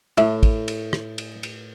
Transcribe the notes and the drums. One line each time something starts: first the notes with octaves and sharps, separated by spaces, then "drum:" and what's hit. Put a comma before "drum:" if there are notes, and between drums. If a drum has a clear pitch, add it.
A2 E4, drum: cymbal
drum: kick, cymbal
drum: cymbal
drum: rim click
drum: cymbal
drum: cymbal